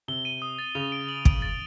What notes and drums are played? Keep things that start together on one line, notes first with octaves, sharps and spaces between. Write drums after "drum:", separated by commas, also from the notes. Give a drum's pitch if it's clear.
C3 G7
D#7
D#6
A6
C#3 F7
D7
F#7
D7, drum: kick
A6